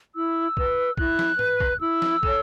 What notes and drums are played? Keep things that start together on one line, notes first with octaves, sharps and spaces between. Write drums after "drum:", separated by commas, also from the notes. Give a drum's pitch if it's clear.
E4 E6
B4, drum: kick
E4 F#6, drum: kick
drum: snare
B4, drum: tom
drum: kick
E4 E6
drum: snare
A4 C#5, drum: kick